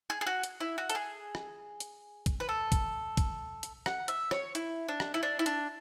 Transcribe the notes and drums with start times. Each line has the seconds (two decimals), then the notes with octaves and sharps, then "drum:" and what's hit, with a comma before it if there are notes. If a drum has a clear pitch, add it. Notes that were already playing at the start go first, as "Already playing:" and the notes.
0.10 G#4
0.21 G#4
0.27 F#4
0.43 drum: hi-hat
0.61 E4
0.78 F#4
0.90 A4, drum: hi-hat
0.95 G#4
1.35 drum: rim click
1.80 drum: hi-hat
2.26 drum: kick, hi-hat
2.40 B4
2.49 A4
2.72 drum: kick, hi-hat
3.17 drum: kick, hi-hat
3.63 drum: hi-hat
3.86 F#5, drum: rim click
4.08 E5, drum: hi-hat
4.31 C#5, drum: rim click
4.55 E4, drum: hi-hat
4.88 D4
5.00 drum: rim click
5.14 E4
5.23 D4
5.39 E4
5.46 D4, drum: hi-hat